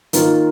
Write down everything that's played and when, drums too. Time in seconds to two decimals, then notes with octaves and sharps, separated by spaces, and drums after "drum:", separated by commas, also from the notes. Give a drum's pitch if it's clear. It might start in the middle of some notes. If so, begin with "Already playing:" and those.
0.13 D#3 A#3 F4, drum: hi-hat